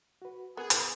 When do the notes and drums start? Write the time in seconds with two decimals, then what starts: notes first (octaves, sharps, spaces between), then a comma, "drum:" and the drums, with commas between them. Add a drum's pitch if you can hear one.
0.22 F#4 B4
0.57 B3 G#4 A#4
0.70 drum: hi-hat